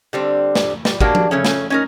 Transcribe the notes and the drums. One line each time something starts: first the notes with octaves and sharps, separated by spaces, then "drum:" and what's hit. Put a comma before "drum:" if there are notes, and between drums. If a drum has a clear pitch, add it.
D3 G3 C4
drum: snare
G3, drum: snare
G#3 A#3 D4 F#4 G4, drum: kick
drum: tom F3
C#3 A3 C#4
drum: snare
C#4 D#4 A#4